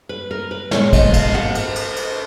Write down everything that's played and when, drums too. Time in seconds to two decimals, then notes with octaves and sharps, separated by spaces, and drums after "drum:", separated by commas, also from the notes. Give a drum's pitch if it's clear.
0.09 B4
0.31 A#4
0.51 B4
0.71 A#2 G#3 B3 C#5, drum: snare
0.93 D#5, drum: kick, cymbal
1.13 F5, drum: cymbal
1.34 F#5, drum: tom
1.55 A#4, drum: cymbal
1.75 drum: cymbal
1.96 drum: cymbal